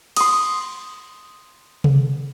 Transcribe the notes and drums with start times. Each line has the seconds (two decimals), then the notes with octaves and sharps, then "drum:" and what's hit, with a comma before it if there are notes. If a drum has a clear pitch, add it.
0.16 C6 D#6, drum: cymbal
1.84 drum: tom C3